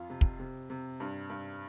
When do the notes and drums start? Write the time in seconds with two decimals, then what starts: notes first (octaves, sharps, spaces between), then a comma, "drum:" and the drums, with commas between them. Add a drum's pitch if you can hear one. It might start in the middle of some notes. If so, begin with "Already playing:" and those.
Already playing: F2 F4
0.10 C3
0.21 drum: kick
0.39 C3
0.70 C3
1.00 G2
1.30 G2